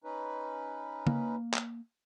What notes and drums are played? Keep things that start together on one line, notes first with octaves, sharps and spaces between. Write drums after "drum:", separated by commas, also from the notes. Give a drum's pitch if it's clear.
C#4 D#4 B4
A#3, drum: tom
drum: clap